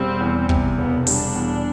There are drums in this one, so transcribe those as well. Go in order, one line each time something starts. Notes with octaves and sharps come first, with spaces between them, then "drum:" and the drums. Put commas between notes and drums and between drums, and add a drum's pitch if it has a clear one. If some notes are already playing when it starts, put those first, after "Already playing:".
Already playing: E1 G3 C4
E2
C3, drum: kick
E1 B3
G3 D4, drum: open hi-hat
E2